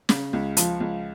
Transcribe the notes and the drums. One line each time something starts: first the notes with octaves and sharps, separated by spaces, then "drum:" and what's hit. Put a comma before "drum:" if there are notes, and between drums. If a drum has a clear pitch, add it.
C#3, drum: snare
C#2
F3, drum: hi-hat
C#2